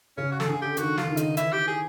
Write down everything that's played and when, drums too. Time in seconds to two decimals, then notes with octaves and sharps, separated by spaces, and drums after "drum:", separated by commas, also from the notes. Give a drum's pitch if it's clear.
0.17 C#3 C#4
0.32 F#4
0.40 A4, drum: snare
0.47 D3 G#4
0.62 G4
0.77 D#3 F#4, drum: hi-hat
0.98 F4, drum: snare
1.07 D#3
1.17 D#4, drum: hi-hat
1.37 E3 E4, drum: hi-hat
1.52 G4
1.68 G#4